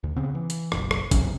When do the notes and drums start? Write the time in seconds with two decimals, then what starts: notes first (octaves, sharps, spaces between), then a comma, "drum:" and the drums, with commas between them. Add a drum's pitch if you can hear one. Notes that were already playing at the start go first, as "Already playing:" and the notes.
0.03 D2
0.16 C#3 B3 C4
0.35 E3
0.50 drum: hi-hat
0.72 F#1 B1, drum: rim click
0.91 drum: rim click
1.11 F#1 F#2 C3 C#4, drum: kick, hi-hat